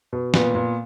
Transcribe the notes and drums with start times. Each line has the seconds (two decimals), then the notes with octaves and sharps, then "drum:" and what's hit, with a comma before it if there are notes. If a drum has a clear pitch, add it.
0.13 B2
0.34 A#2 B3, drum: snare
0.55 A#2